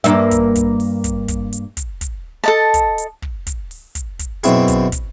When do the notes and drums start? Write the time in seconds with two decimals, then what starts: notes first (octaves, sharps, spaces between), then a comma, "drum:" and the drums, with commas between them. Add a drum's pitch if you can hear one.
0.04 G2 A#3 E5, drum: hi-hat
0.31 drum: kick, hi-hat
0.56 drum: kick, hi-hat
0.80 drum: open hi-hat
1.04 drum: kick, hi-hat
1.28 drum: kick, hi-hat
1.53 drum: hi-hat
1.77 drum: kick, hi-hat
2.01 drum: kick, hi-hat
2.44 A4 D#5 A5
2.74 drum: kick, hi-hat
2.98 drum: hi-hat
3.22 drum: kick
3.47 drum: kick, hi-hat
3.71 drum: open hi-hat
3.95 drum: kick, hi-hat
4.19 drum: kick, hi-hat
4.44 F#2 B2 C4 E4 G#4, drum: hi-hat
4.68 drum: kick, hi-hat
4.92 drum: kick, hi-hat